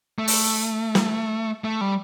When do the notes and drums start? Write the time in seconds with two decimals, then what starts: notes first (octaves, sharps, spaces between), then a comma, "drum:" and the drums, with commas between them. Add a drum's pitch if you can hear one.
0.19 A3
0.28 drum: open hi-hat
0.95 drum: snare
1.64 A3
1.81 G3